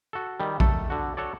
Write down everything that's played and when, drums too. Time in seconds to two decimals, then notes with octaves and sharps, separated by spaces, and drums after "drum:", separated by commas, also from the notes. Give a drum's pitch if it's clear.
0.13 F#4 A4
0.40 D#3 G3
0.60 A3 A4, drum: kick A#1
0.90 D3 F#4
1.17 F#4 A4 C#5 D5